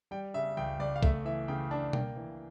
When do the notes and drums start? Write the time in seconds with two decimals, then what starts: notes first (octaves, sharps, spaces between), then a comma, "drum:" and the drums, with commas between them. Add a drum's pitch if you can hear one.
0.11 G3 G5
0.34 C#3 E5
0.57 C#2 G5
0.79 C#2 D5
0.96 F5
1.03 A3 E5, drum: kick
1.25 E3 E5
1.48 C#3 G5
1.71 D4 A5
1.93 A#3 G5, drum: tom B2
2.16 E3